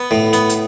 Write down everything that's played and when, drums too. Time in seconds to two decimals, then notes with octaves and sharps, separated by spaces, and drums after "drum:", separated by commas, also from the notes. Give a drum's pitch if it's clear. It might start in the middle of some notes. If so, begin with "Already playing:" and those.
Already playing: B3
0.11 A2
0.33 B3, drum: hi-hat
0.49 drum: hi-hat